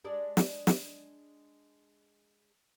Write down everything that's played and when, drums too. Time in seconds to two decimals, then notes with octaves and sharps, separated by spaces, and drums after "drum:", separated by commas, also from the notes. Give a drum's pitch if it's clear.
0.04 G#3 D4 D5
0.37 drum: snare
0.67 drum: snare